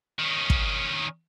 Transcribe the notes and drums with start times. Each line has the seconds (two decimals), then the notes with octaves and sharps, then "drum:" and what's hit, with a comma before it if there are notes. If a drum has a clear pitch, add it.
0.19 D#3 C#4
0.50 drum: kick